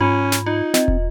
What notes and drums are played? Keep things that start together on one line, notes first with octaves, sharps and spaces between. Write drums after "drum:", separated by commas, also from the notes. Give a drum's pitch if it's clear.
G#2 C#4 F4 B5
drum: snare
D#4 F4
C4 D#5, drum: snare
drum: kick